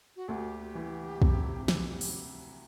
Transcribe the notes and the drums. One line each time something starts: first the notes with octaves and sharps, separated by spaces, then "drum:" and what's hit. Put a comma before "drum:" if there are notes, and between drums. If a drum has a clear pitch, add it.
F#4
D2 G4 A4
E3
C3, drum: kick
drum: snare
drum: open hi-hat